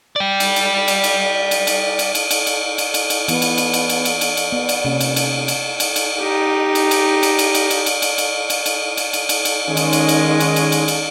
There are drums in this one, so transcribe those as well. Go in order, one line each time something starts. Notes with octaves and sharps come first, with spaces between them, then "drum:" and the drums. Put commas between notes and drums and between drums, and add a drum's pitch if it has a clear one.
D5 G5
drum: cymbal
drum: cymbal
drum: cymbal
drum: cymbal
drum: cymbal
drum: cymbal
drum: cymbal
drum: cymbal
drum: cymbal
drum: cymbal
drum: cymbal
drum: cymbal
drum: cymbal
E3 B3, drum: cymbal
drum: cymbal
drum: cymbal
drum: cymbal
drum: cymbal
drum: cymbal
drum: cymbal
drum: cymbal
B3 D5
drum: cymbal
C3 A#3 C#4
drum: cymbal
drum: cymbal
drum: cymbal
drum: cymbal
drum: cymbal
D#4 G4
drum: cymbal
drum: cymbal
drum: cymbal
drum: cymbal
drum: cymbal
drum: cymbal
drum: cymbal
drum: cymbal
drum: cymbal
drum: cymbal
drum: cymbal
drum: cymbal
drum: cymbal
drum: cymbal
drum: cymbal
D#3 G#3 C#4 G#4
drum: cymbal
drum: cymbal
drum: cymbal
drum: cymbal
drum: cymbal
drum: cymbal
drum: cymbal